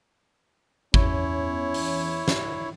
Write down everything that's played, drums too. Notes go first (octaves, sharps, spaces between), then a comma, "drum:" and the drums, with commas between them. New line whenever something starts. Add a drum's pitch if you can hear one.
E2 C#4 E4 C#5, drum: kick
drum: open hi-hat
drum: snare